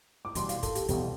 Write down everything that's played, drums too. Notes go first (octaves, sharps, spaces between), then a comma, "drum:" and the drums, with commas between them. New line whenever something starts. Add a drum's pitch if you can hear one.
D6
E2 B2 G3 C6, drum: hi-hat
F5, drum: hi-hat
A4, drum: kick, hi-hat
G4, drum: hi-hat
E2 B2 G3 G4, drum: hi-hat